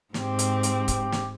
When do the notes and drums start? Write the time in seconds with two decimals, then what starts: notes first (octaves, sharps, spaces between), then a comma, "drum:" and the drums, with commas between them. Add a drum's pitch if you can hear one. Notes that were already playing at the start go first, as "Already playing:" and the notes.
0.14 G#2 C4 G4, drum: snare
0.39 drum: hi-hat
0.63 drum: hi-hat
0.88 drum: kick C#1, hi-hat
1.12 drum: snare